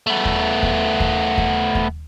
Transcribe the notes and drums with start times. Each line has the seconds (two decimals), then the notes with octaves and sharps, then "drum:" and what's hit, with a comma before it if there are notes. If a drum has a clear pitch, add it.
0.07 A3 B3
0.25 drum: kick D#2
0.63 drum: kick D#2
1.00 drum: kick D#2
1.38 drum: kick D#2
1.75 drum: kick D#2